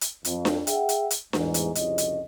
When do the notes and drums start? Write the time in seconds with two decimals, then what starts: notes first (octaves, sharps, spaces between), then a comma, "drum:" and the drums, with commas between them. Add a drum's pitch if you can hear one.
0.01 drum: hi-hat
0.25 F2, drum: hi-hat
0.45 drum: snare D4
0.67 G#4 E5 F#5 G5, drum: hi-hat
0.89 drum: hi-hat
1.10 drum: hi-hat
1.33 A1 E2 G#2, drum: snare D4
1.54 drum: hi-hat
1.75 C2 F2 C#3 D#5, drum: hi-hat
1.98 drum: hi-hat